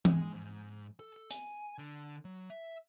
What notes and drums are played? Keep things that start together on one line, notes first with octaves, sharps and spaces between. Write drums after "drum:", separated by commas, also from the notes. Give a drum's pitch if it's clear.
G#3, drum: tom E3
G#2
A4
G#5, drum: hi-hat
D3
F#3
E5